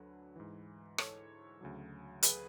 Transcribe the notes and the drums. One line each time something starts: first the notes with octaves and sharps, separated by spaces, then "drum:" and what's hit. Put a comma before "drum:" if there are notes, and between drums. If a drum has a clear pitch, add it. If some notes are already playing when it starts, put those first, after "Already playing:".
Already playing: D2 D3 F#3 B4
G#2 E3
A4 C#5, drum: rim click
D2 C#3 F#3
G#4 B4, drum: hi-hat